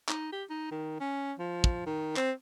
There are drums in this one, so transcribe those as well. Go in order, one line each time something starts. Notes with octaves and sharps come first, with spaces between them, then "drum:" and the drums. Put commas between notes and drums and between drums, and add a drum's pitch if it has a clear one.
D#4, drum: clap
G4
D#4
D#3
C#4
F3
drum: kick
D#3
C4, drum: clap